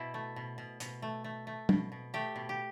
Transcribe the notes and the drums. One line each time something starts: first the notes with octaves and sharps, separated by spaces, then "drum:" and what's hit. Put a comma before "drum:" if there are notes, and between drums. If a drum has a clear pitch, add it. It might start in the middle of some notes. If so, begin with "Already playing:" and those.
Already playing: B2 E4
A3
B2
B2
B2, drum: hi-hat
A3
A3
A3
B2, drum: tom
B2
A3 G4
B2
G4